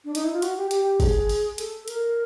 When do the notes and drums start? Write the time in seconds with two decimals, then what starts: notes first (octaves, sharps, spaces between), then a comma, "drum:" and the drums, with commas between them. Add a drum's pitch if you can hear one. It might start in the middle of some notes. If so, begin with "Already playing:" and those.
0.05 D4
0.15 D#4, drum: hi-hat
0.24 E4
0.33 F4
0.42 F#4, drum: hi-hat
0.57 G4
0.71 G4, drum: hi-hat
1.00 G#4, drum: kick, open hi-hat
1.29 drum: open hi-hat
1.58 A4, drum: hi-hat
1.88 A#4, drum: hi-hat